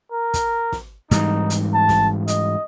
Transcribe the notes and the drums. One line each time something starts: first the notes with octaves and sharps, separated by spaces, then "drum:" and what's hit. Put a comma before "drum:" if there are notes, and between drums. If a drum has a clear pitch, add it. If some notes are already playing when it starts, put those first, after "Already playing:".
A#4
drum: kick, hi-hat
drum: snare
G#2 E3 G3 D#4, drum: hi-hat
drum: hi-hat
A5
drum: snare
D#5, drum: hi-hat